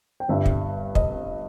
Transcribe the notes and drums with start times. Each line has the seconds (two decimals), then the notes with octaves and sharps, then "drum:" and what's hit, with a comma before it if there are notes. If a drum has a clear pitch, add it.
0.20 G5
0.29 G1 G2 G3 E5
0.46 drum: kick
0.95 D#5, drum: kick